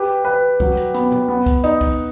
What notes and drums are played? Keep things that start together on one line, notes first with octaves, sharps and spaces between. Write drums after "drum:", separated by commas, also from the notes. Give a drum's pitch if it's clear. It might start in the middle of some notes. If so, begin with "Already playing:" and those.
Already playing: G4 B4
B4
F#3, drum: kick C2
drum: hi-hat
B3, drum: hi-hat
drum: tom B2
B3
drum: kick C2, hi-hat
D#4, drum: hi-hat
drum: kick C2, open hi-hat